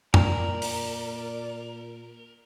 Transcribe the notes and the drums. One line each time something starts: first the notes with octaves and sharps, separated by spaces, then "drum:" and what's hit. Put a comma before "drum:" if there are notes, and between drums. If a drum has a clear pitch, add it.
A#2 A#4 D5, drum: tom
drum: open hi-hat